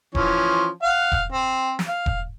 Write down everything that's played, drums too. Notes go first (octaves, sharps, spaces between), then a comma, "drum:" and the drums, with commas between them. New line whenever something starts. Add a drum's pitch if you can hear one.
E3 F3 C#4, drum: kick E1
F5 F#5
drum: kick E1
C4
drum: snare
F5
drum: kick E1